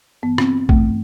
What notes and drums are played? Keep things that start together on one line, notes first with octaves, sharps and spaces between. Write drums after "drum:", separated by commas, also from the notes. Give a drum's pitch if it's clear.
G2 E3 B3
C4, drum: rim click
G2 E3 A3, drum: kick